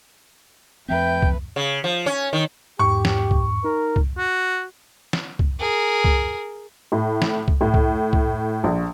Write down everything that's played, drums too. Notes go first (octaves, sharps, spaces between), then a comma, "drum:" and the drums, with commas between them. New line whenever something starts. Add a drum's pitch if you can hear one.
F2 F3 A3 C4 B4 E5 G5 G6
drum: kick C2
C#3
F3
C#4
D#3
E2 G#2 G4 C#6
drum: snare
drum: kick C2
D#4 A#4
drum: kick C2
F#4
drum: snare
drum: kick C2
G#4 A#4
drum: kick C2
A2
drum: snare
drum: kick C2
A2
drum: kick C2
drum: kick C2
A#1